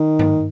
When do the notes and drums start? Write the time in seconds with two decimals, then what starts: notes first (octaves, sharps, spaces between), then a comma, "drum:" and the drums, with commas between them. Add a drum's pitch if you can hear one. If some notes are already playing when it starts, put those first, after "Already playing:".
Already playing: D#3
0.19 drum: tom G2